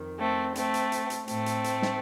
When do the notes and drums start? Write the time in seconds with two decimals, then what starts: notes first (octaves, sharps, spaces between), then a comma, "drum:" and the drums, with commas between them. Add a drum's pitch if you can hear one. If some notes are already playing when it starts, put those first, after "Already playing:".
Already playing: F2 D#3
0.19 A3 C4
0.55 A3 C4, drum: hi-hat
0.74 drum: hi-hat
0.92 drum: hi-hat
1.10 drum: hi-hat
1.28 A2 A3 C4, drum: hi-hat
1.46 drum: hi-hat
1.64 drum: hi-hat
1.82 drum: snare